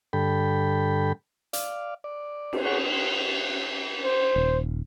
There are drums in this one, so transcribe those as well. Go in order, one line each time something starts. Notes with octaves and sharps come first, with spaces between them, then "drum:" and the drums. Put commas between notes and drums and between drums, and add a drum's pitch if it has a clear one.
G2 D3 A4 G5 B5
D5 F5, drum: hi-hat
D5
drum: cymbal
G#4 C#5 F#5
C5
D#1